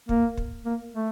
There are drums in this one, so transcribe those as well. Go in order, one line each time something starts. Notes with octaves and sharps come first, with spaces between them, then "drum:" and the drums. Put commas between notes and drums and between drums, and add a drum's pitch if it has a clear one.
A#3, drum: kick
drum: kick
A#3
A3